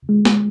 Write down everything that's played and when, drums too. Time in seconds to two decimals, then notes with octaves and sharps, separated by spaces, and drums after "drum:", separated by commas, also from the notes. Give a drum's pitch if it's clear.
0.09 G#3
0.25 drum: snare